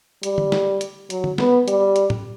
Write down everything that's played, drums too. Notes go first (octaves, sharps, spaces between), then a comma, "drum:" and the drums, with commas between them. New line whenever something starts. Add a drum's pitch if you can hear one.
G3, drum: hi-hat
drum: tom D3
drum: snare
drum: hi-hat
F#3, drum: hi-hat
drum: tom D3
B3, drum: snare
G3, drum: hi-hat
drum: hi-hat
drum: tom A2